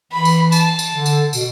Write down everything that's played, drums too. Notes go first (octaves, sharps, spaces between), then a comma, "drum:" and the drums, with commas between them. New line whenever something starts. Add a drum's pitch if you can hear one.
E3 B5
drum: tambourine
A5, drum: tambourine
drum: tambourine
D3
drum: tambourine
B2, drum: tambourine